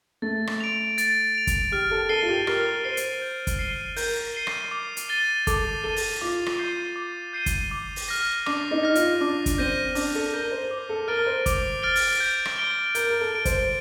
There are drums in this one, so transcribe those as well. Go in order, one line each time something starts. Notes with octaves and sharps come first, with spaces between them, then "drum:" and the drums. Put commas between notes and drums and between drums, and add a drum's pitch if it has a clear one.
A3 A6
drum: rim click
D7 F7
A6, drum: hi-hat
D7 F7
drum: kick, hi-hat
G4 F6
A4
A4 C7 D#7 G7
F4
G4
A#4 F6, drum: rim click
C5 C7 D#7 G7
drum: hi-hat
G6
drum: kick, hi-hat
C7 D#7 G7
A#4 G6, drum: open hi-hat
C7 D#7 G7
drum: rim click
D6
drum: hi-hat
A6 D#7 G7
A4 D6, drum: kick, hi-hat
A4 A6 D#7 G7
drum: open hi-hat
F4 D6
drum: rim click
G6 C7 D#7 G7
D6
G6 C7 D#7 G7
drum: kick, hi-hat
D6
drum: open hi-hat
F6 A#6
D4 D6, drum: rim click
D#4
F6 A#6
F4, drum: hi-hat
D4 D6
drum: kick, hi-hat
C4 G6 A#6 D#7 G7
D4 D6, drum: open hi-hat
A4
A#4 G6 A#6 D#7 G7
C5
D6
A4
A#4 F6 A6 D7 G7
C5
D6, drum: kick, hi-hat
F6 A6 D7 G7
drum: open hi-hat
G6
drum: rim click
D7 G7
A#4 G6, drum: hi-hat
A#4
A4
D7 G7
C5, drum: kick, hi-hat